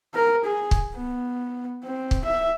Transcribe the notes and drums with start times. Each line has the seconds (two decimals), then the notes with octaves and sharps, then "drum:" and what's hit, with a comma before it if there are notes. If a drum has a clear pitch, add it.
0.14 A#4
0.44 G#4
0.71 drum: kick
0.95 B3
1.84 C4
2.11 drum: kick
2.25 E5